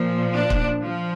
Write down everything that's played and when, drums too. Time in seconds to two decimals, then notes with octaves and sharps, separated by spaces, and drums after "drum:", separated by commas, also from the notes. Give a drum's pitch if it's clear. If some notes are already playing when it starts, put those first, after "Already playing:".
Already playing: A#2 F3
0.33 D4
0.50 drum: kick
0.82 F3